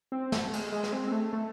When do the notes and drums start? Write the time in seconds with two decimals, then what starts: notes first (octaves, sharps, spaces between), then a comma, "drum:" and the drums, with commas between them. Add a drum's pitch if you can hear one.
0.12 C4
0.32 A3, drum: snare
0.53 G#3, drum: cymbal
0.72 G#3
0.83 drum: rim click
0.93 C4
1.07 C4
1.12 A3
1.33 A3